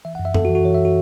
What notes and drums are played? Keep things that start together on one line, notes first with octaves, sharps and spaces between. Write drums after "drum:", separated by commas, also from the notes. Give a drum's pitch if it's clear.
E3 E5
F#5
F#2
E5
F#2 A4, drum: tom F#2
F#4
E3
F#4
E3 C#5
E5
F#4